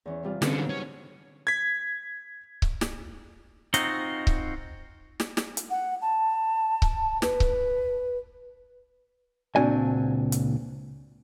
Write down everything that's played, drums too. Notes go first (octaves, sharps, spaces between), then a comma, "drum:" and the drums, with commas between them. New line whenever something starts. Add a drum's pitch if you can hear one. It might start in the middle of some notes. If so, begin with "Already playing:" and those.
E2 E3 C#4
C3 G3 F4
D3 C4 C#4 B4, drum: snare
F#3 D#4
C#4
G#6 B6
drum: kick C#1
drum: snare
C4 D#4 F4 F#4 D#5, drum: hi-hat
drum: kick C#1
drum: snare
drum: snare
drum: hi-hat
F#5
A5
drum: kick C#1
B4, drum: snare
drum: kick C#1
C#2 A#2 C4 D4 F#4 G#5
drum: hi-hat